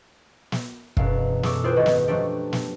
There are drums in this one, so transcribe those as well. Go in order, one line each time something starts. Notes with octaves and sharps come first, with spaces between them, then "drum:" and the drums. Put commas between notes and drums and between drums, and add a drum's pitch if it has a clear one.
drum: snare
E1 F#2 B2 F5, drum: kick
G#4 A4 C#6 D6 E6, drum: snare
E4 F4 G#4 B4 C5 G5
G#1 F#4 B4 D#5 F#5
drum: snare
F3 F#3 A3 D4 F#4 G4
drum: snare